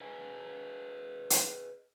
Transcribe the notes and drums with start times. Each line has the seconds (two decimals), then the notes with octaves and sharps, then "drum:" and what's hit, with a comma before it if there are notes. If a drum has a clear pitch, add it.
0.01 G#4 B4 D#5 G#5
1.30 drum: hi-hat